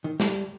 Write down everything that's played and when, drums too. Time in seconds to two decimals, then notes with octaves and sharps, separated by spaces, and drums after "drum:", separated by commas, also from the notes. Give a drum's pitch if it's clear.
0.04 D#3
0.20 G3, drum: snare